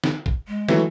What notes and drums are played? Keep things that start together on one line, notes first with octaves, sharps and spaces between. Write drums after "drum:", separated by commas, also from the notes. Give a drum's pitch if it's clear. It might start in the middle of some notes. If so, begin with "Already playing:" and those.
drum: snare
drum: kick
G#3
E3 F#3 A3, drum: snare